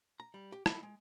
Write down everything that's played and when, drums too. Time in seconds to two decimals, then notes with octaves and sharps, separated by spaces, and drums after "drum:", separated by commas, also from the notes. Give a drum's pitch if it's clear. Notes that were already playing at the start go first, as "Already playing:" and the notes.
0.20 A#5
0.34 G3
0.52 G4
0.66 E4, drum: rim click
0.83 G#3